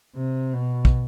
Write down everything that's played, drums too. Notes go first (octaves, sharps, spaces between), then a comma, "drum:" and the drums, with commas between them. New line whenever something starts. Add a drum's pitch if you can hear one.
C3
B2
drum: kick